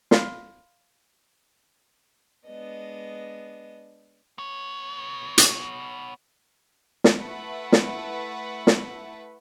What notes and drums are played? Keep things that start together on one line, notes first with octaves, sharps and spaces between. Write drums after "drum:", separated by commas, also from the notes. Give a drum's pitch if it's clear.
F5 B5 C6, drum: snare
G#3 B3 D4 D#5
B3 C#5
drum: hi-hat
drum: snare
A3 E4 B4 E5 F#5
drum: snare
drum: snare